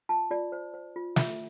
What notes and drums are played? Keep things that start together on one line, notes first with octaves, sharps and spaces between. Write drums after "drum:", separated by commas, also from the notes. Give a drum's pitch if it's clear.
F4 A5
F4 D5
C5
C5
F4
F4 E5, drum: snare